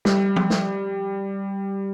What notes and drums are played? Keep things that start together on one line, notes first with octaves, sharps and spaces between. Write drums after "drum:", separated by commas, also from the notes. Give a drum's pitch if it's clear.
G3, drum: snare
drum: tom F3
drum: snare